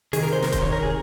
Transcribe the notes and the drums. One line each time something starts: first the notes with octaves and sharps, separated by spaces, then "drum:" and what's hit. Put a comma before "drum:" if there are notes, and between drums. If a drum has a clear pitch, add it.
C3 D#3 G#4, drum: open hi-hat
A#4
C5
A#4, drum: snare
C3 D#3 C5, drum: kick D#1, hi-hat
C#5
A#4
G#4